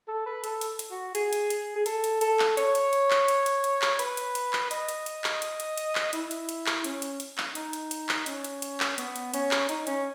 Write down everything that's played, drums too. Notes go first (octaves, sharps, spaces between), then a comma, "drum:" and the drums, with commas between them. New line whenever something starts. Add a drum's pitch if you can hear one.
A4
B4
A4, drum: hi-hat
drum: hi-hat
drum: hi-hat
F#4
G#4, drum: hi-hat
drum: hi-hat
drum: hi-hat
G#4
A4, drum: hi-hat
drum: hi-hat
A4, drum: hi-hat
drum: clap
C#5, drum: hi-hat
drum: hi-hat
drum: hi-hat
drum: clap
drum: hi-hat
drum: hi-hat
drum: hi-hat
drum: clap
B4, drum: hi-hat
drum: hi-hat
drum: hi-hat
drum: clap
D#5, drum: hi-hat
drum: hi-hat
drum: hi-hat
drum: clap
drum: hi-hat
drum: hi-hat
drum: hi-hat
drum: clap
E4, drum: hi-hat
drum: hi-hat
drum: hi-hat
drum: clap
C#4, drum: hi-hat
drum: hi-hat
drum: hi-hat
drum: clap
D#4, drum: hi-hat
drum: hi-hat
drum: hi-hat
drum: clap
C#4, drum: hi-hat
drum: hi-hat
drum: hi-hat
drum: clap
B3, drum: hi-hat
drum: hi-hat
C#4, drum: hi-hat
drum: clap
D#4, drum: hi-hat
C#4, drum: hi-hat